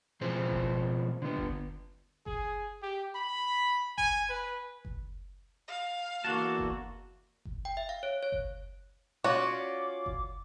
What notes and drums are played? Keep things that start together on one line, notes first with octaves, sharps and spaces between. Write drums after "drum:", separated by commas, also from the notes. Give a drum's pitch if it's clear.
B2 F3 C4 G#4 C5
drum: kick F#1
D3 B3
drum: kick F#1
G#4, drum: kick F#1
G4
B5
G#5, drum: kick F#1
B4
drum: kick F#1
F5
E2 D3 A#3 F#4 A5
drum: kick F#1
drum: kick F#1
G5
E5
F5
C#5
C#5
drum: kick F#1
C#4 F4 F#4 D5 D6
drum: kick F#1